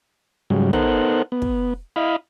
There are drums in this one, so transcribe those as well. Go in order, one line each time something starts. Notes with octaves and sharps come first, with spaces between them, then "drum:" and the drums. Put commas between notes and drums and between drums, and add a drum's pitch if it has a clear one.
G#2 C#3 F#3 G3
B3 D#4 A4 A#4 C5 F#5, drum: tom
B3
drum: kick
E4 D#5 F5 B5